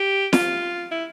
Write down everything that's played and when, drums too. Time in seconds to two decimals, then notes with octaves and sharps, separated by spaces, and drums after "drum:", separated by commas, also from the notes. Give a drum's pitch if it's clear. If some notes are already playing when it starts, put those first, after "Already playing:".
Already playing: G4
0.33 F4, drum: snare
0.91 E4